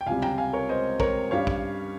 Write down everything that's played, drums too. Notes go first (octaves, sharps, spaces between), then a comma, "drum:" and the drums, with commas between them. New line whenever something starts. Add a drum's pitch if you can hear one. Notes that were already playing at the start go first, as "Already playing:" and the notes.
G5
C#2 C3 G3 F5 G#5
G5 A#5, drum: tom
F5 G#5
A#4 C#5
C5 D#5
A#4 C#5, drum: kick
G2 G3 C#4 C#5 F5
drum: kick